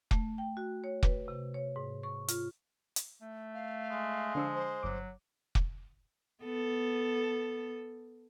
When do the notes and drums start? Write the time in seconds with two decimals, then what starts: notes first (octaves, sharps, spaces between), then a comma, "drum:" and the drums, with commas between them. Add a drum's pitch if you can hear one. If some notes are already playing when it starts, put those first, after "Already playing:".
0.11 A3, drum: kick
0.38 G5
0.57 F#4
0.84 C#5
1.03 B4, drum: kick
1.28 C3
1.54 C#5
1.76 G#2
2.03 C#6
2.28 F4, drum: hi-hat
2.96 drum: hi-hat
3.21 A3
3.54 F5
3.91 G#3
4.35 D3 F3 D4 E6
4.55 C5
4.83 G1 F#3 D6
5.55 drum: kick
6.44 B3 A4